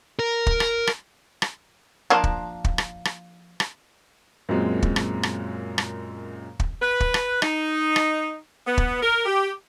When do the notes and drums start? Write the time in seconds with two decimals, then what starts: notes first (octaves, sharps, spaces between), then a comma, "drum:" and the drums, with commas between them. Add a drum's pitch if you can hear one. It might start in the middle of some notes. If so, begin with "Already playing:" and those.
0.19 A#4
0.47 drum: kick
0.60 drum: rim click
0.87 drum: rim click
1.42 drum: rim click
2.10 F3 A#3 D4
2.24 drum: kick
2.64 drum: kick
2.78 drum: rim click
3.05 drum: rim click
3.60 drum: rim click
4.49 F#2 A#2 G#3 C4
4.82 drum: kick
4.96 drum: rim click
5.23 drum: rim click
5.78 drum: rim click
6.60 drum: kick
6.82 B4
7.00 drum: kick
7.14 drum: rim click
7.42 D#4, drum: rim click
7.96 drum: rim click
8.66 B3
8.78 drum: kick
9.02 A#4
9.26 G4